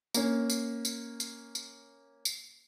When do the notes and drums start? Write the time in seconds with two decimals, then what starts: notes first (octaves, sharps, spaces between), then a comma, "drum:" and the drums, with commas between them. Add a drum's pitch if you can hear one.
0.14 A#3 C#4, drum: tambourine
0.50 drum: tambourine
0.85 drum: tambourine
1.20 drum: tambourine
1.55 drum: tambourine
2.25 drum: tambourine